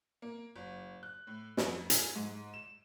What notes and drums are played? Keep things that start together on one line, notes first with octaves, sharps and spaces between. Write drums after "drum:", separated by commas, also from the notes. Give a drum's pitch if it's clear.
A#3
F#1
F#6
A2
F2, drum: snare
G#5, drum: hi-hat
G#2
E7